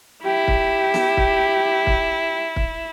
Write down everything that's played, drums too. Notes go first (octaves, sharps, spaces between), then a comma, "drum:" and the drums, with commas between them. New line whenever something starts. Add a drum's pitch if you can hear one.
E4 G4
drum: kick
drum: snare
drum: kick
drum: kick
drum: kick